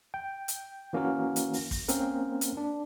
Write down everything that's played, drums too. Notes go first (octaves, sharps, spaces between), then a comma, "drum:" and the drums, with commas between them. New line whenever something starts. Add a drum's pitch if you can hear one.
G5
drum: hi-hat
E3 A#3 C#4 F#4 A#4
drum: hi-hat
drum: open hi-hat
drum: kick, open hi-hat
A#3 C4 C#4 A#4, drum: hi-hat
drum: hi-hat
D4